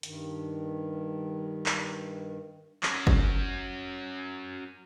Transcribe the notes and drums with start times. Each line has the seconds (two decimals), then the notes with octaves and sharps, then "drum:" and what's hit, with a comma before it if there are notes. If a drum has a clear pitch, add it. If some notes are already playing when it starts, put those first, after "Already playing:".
0.03 G2 D#3, drum: hi-hat
1.66 drum: clap
2.83 F#3 C#4, drum: clap
3.07 drum: kick